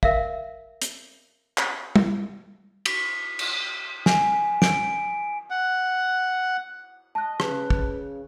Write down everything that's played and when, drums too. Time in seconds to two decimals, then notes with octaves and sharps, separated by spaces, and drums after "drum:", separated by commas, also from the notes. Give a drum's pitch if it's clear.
0.03 A#4 E5 F5, drum: kick
0.82 drum: hi-hat
1.58 drum: clap
1.96 drum: tom G3
2.85 B6, drum: cymbal
3.39 drum: cymbal
4.06 G#5, drum: snare
4.62 D7, drum: snare
5.50 F#5
7.15 D#5 A5 F#6
7.40 C#3 B4, drum: rim click
7.70 drum: kick